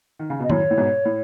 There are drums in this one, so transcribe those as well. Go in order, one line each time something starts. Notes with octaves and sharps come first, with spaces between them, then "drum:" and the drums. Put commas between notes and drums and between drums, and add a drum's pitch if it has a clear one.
D#3
C#3
B2 D#5
F#2 A2 C#5, drum: tom D#3
A2
G#2 B2
A2